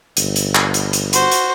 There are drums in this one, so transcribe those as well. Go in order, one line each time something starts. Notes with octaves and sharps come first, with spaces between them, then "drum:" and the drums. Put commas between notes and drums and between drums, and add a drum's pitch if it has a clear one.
G1, drum: hi-hat
drum: hi-hat
drum: clap
drum: hi-hat
drum: hi-hat
F#4 C5, drum: hi-hat
drum: hi-hat